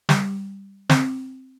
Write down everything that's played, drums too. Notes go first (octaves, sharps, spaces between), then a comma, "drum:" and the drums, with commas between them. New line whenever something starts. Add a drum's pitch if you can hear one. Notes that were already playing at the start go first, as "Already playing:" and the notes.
G3, drum: snare
C4, drum: snare